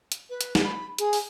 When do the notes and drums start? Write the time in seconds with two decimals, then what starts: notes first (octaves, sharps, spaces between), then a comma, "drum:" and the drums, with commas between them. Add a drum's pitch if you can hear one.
0.12 drum: hi-hat
0.30 B4
0.41 drum: hi-hat
0.55 drum: snare
0.65 B5
0.98 G#4, drum: hi-hat
1.13 drum: open hi-hat